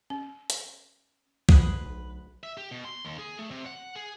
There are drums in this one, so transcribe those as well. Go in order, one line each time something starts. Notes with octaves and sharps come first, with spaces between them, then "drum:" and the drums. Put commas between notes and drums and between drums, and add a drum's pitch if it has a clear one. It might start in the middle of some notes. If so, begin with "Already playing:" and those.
C#4
drum: hi-hat
D2 G#4 B4 D#6, drum: kick
B1
E5
G4
B2
C6
D#2
G#4
A3
C3
F#5
G#4